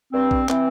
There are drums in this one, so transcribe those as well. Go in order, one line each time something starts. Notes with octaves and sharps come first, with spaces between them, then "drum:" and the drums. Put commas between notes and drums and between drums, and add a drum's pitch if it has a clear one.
G2 C4
drum: kick
E3 C4, drum: clap